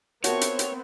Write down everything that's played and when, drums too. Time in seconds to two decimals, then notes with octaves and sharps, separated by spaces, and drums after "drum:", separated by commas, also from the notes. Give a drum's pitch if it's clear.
0.24 B3 C4 F#4 A#4 C#5 E5 A5, drum: hi-hat
0.41 drum: hi-hat
0.59 drum: hi-hat